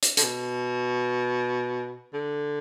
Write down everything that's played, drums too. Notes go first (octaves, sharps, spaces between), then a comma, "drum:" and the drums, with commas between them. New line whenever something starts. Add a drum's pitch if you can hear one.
drum: hi-hat
D3, drum: hi-hat
B2
D3